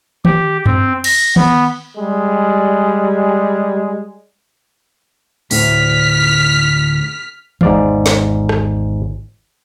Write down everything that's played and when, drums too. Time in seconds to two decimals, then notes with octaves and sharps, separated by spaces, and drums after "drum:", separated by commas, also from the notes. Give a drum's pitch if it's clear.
0.25 G4, drum: tom D#3
0.66 C4, drum: tom F#2
1.04 A#6, drum: cymbal
1.36 B3, drum: tom D#3
1.97 G3 G#3
5.51 D2 A2 D3 F6 B6, drum: open hi-hat
7.61 G#1 E2 G#2 D5 F5, drum: tom D#3
8.06 drum: snare
8.49 drum: rim click